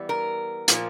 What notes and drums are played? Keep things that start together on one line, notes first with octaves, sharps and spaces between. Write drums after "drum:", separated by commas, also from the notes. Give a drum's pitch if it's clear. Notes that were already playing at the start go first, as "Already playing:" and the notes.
Already playing: E3 G3 B3
A#4
A#2 F3 A#3, drum: hi-hat